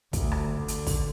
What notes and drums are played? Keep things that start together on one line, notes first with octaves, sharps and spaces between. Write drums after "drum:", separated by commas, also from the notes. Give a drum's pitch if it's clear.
D2, drum: kick, hi-hat
drum: rim click
D3
drum: hi-hat
drum: kick, open hi-hat